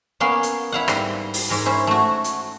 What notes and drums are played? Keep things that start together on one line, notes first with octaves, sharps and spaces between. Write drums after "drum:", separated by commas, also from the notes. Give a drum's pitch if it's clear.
A#3 B3 C#4 F5 C6
drum: hi-hat
E4 F5 F#5
G#2 G3 C6, drum: rim click
drum: open hi-hat
G#2 A#4 G#5
C#4 E4 C5
A3 F#4
drum: hi-hat